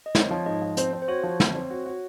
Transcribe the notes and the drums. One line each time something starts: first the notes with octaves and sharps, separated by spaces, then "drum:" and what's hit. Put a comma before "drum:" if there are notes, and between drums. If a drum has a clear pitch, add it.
D#5
C4 C#5, drum: snare
F3 C#5
G#2 D#5
F3
C4 C5, drum: hi-hat
C4
C5
F#4 C#5
F3
C4, drum: snare
C4
F#4
F#4